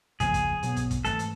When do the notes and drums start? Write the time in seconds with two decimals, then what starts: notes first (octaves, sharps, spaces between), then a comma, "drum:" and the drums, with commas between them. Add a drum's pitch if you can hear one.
0.20 E2 C#3 F3 A#3 G#4, drum: kick, hi-hat
0.34 drum: kick, hi-hat
0.63 B2 F#3 B3, drum: hi-hat
0.76 drum: kick, hi-hat
0.91 drum: kick, hi-hat
1.05 G#2 E3 A3 A4, drum: hi-hat
1.19 drum: hi-hat